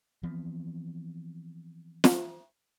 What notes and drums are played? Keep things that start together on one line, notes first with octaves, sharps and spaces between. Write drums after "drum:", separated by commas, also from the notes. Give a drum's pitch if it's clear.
E3 F3 B3 C4
drum: snare